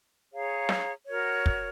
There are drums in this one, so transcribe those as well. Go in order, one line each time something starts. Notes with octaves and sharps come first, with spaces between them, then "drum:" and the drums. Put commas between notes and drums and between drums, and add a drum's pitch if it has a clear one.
G#4 C#5 F5 A#5
drum: snare
F#4 A#4 C#5
drum: kick